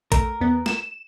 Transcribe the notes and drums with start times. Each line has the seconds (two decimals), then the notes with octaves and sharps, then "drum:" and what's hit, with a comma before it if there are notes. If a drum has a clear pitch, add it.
0.12 A3 A#4, drum: kick, hi-hat
0.41 E2 B3
0.66 E7, drum: snare